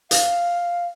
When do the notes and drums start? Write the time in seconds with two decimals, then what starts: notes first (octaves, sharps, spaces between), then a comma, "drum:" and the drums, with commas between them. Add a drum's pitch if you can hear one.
0.11 F5, drum: hi-hat